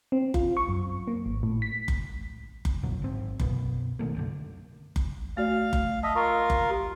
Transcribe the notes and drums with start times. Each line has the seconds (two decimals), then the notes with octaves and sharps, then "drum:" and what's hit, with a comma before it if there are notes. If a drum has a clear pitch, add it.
0.12 C4
0.34 F4, drum: kick F#1
0.57 C#6
0.69 F#2
1.08 A#3
1.26 G#1
1.43 A2
1.62 B6
1.88 drum: kick F#1
2.65 drum: kick F#1
2.83 E2 A#2 D3 F#3
3.02 G#1 C4
3.40 F#2 B2 B3, drum: kick F#1
3.99 B2 D#3 A3 A#3
4.15 B1 F#2 D3
4.96 drum: kick F#1
5.37 A3 F#4 D5 F5
5.73 drum: kick F#1
6.03 D#5 E5 A5
6.15 F4 A#4 C#6
6.50 drum: kick F#1
6.70 G4